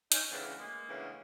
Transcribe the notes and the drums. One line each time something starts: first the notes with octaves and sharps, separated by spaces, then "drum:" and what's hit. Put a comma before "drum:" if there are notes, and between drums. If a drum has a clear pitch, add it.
C#4 D#4, drum: hi-hat
D2 C#3 E3 C4 D4
G#3 A#3
D2 C#3 E3